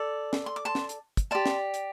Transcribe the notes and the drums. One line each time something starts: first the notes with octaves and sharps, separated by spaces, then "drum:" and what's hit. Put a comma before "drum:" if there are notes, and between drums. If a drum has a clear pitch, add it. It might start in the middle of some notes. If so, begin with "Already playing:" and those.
Already playing: A4 D5
drum: snare
C6
D6
A5 C6
drum: snare
drum: hi-hat
drum: kick, hi-hat
G4 D5 A5 C6
drum: snare
drum: hi-hat